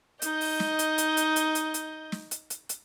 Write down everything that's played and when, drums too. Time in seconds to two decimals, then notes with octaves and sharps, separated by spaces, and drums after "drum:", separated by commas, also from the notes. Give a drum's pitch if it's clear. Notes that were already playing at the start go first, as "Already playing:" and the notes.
0.22 D#4 D#5 G6, drum: hi-hat
0.41 drum: open hi-hat
0.60 drum: snare
0.79 drum: hi-hat
0.98 drum: hi-hat
1.17 drum: hi-hat
1.36 drum: hi-hat
1.55 drum: hi-hat
1.74 drum: hi-hat
2.12 drum: snare
2.31 drum: hi-hat
2.50 drum: hi-hat
2.69 drum: hi-hat